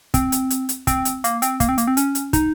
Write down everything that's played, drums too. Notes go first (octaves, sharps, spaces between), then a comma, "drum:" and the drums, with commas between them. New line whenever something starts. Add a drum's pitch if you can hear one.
C4, drum: kick, hi-hat
drum: hi-hat
drum: hi-hat
drum: hi-hat
C4, drum: kick, hi-hat
drum: hi-hat
A#3, drum: hi-hat
C4, drum: hi-hat
A#3, drum: kick, hi-hat
C4
A#3, drum: hi-hat
C4
C#4, drum: hi-hat
drum: hi-hat
D#4, drum: kick, hi-hat